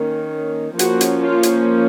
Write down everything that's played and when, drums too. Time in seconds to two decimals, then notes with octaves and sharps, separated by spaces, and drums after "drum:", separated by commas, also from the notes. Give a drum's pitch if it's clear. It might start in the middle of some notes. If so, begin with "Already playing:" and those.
Already playing: D#3 A#3 C#4
0.79 F3 A#3 C#4 F#4, drum: hi-hat
1.01 drum: hi-hat
1.22 F4
1.43 drum: hi-hat